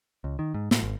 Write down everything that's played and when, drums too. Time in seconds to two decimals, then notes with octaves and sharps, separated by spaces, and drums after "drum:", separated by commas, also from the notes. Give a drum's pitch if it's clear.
0.24 C#2
0.39 D#3
0.54 G#2
0.71 A2, drum: snare
0.82 G#1